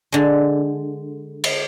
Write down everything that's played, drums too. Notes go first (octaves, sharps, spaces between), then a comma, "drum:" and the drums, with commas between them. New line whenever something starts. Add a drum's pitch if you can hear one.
D3 G#3
drum: cymbal